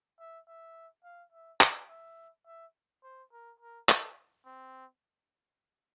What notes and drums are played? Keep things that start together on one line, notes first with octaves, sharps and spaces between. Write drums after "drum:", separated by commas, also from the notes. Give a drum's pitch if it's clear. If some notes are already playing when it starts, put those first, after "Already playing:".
E5
E5
F5
E5
D5, drum: clap
E5
E5
C5
A#4
A#4
A4, drum: clap
C4